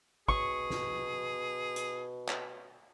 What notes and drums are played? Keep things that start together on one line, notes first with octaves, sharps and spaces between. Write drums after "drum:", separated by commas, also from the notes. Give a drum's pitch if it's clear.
B2 G#4 C#6, drum: kick
drum: snare
drum: hi-hat
drum: clap